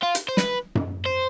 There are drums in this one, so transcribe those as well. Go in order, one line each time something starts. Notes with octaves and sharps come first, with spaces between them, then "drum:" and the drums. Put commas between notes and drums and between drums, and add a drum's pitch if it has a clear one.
F4
drum: hi-hat
C5
B4, drum: snare
drum: tom F#2
C5